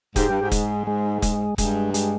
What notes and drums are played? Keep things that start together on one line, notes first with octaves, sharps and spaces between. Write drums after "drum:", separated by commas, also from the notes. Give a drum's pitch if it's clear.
G#2 G4, drum: kick, hi-hat
G2
G#2
G#3, drum: kick, hi-hat
G#3
G#3, drum: kick, hi-hat
G2 G#3, drum: kick, hi-hat
G#3, drum: hi-hat